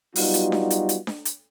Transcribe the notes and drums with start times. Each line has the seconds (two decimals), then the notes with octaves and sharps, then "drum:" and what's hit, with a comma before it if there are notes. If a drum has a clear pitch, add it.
0.15 F#3 G3 B3 D#4 F4 F#4, drum: open hi-hat
0.34 drum: hi-hat
0.52 drum: snare D4
0.70 drum: hi-hat
0.89 drum: hi-hat
1.07 drum: snare D4
1.25 drum: hi-hat